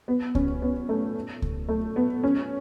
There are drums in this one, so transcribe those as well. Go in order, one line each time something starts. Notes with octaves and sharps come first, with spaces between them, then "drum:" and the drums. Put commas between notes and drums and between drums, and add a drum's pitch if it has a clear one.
B3
C#4, drum: kick C#2
B3
A3
drum: kick C#2
A3
B3
C#4